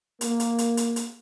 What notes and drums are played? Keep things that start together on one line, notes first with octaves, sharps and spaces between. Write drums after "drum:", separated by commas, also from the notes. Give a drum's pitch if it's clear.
A#3, drum: hi-hat
drum: hi-hat
drum: hi-hat
drum: hi-hat
drum: hi-hat